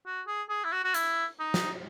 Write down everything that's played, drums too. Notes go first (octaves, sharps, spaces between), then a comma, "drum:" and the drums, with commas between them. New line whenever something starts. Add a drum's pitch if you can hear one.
F#4
G#4
G#4
E4
F#4
F#4
E4, drum: hi-hat
D#4
drum: snare